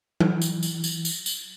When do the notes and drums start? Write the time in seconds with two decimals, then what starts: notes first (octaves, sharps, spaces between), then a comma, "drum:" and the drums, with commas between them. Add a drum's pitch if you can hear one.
0.21 E3, drum: tom F#3
0.42 drum: tambourine
0.63 drum: tambourine
0.84 drum: tambourine
1.05 drum: tambourine
1.26 drum: tambourine